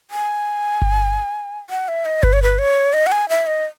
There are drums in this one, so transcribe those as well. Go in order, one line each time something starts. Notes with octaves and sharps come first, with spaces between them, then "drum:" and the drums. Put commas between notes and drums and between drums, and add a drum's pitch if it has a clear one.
G#5
drum: kick G1
F#5
E5
D#5
B4, drum: kick G1
C#5
B4
C#5
D#5
F#5
G#5
E5
D#5